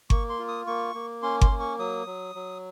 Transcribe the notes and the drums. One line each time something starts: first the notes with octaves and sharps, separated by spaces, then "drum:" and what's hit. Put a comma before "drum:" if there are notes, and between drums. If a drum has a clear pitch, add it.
A#3 C#6, drum: kick G1
C6
F4
D#6
A#3 C#6
A#3
C#4 C6
C6, drum: kick G1
A#3
C#6
F#3 D#6
F#3
F#3